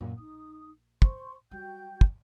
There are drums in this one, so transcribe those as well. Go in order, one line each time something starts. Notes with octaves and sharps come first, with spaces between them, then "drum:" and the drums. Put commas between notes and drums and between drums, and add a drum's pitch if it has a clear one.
F#2 A#2
A#1 D#4 D#6
C5 C6 C#6, drum: kick
F#3 G3 F#4 G5 G6
drum: kick